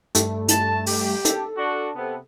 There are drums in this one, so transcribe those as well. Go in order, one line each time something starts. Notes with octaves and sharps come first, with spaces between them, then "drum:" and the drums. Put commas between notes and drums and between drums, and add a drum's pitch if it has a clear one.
G2 G3 A3, drum: hi-hat
A5, drum: hi-hat
G4, drum: open hi-hat
A4, drum: hi-hat
D4 F#4
C3 B3